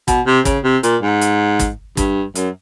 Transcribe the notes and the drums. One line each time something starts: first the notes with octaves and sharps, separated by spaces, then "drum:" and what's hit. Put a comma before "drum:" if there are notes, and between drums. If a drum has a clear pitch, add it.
B2, drum: kick, hi-hat
C3
C#3, drum: kick, hi-hat
C3
A#2, drum: hi-hat
G#2
drum: hi-hat
drum: kick, hi-hat
G2, drum: kick, hi-hat
F#2, drum: hi-hat